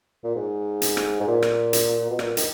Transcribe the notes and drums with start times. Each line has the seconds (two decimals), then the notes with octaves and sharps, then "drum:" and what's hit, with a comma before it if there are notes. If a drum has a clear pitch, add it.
0.24 A#2
0.35 G#2
0.82 drum: hi-hat
0.97 drum: rim click
1.20 G#2
1.28 A#2
1.42 drum: rim click
1.73 drum: hi-hat
2.10 B2
2.19 A#2, drum: rim click
2.37 D#3, drum: hi-hat